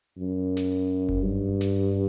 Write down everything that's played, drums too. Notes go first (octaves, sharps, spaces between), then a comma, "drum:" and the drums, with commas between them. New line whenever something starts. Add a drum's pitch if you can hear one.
F#2
drum: snare
drum: kick F#1
G2
drum: snare